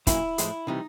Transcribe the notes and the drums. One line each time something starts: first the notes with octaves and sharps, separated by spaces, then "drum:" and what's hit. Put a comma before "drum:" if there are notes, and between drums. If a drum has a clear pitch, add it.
A#2 F#3 A#3 C#4 E4, drum: kick, hi-hat
A2 F3 G#3, drum: hi-hat
C3 E3 G3 D#4